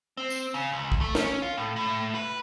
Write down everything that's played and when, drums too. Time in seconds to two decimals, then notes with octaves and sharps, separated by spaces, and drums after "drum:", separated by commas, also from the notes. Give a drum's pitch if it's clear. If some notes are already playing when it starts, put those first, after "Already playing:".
0.17 C4
0.30 drum: tambourine
0.54 C#3
0.72 C#2
0.92 drum: kick
1.01 A3
1.15 C#4, drum: snare
1.42 F4
1.57 A2
1.76 A2
2.15 B4